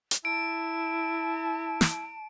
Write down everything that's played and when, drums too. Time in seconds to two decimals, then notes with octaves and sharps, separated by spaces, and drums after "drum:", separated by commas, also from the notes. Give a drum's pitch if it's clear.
0.11 drum: hi-hat
0.25 E4 A5 D7
1.81 drum: snare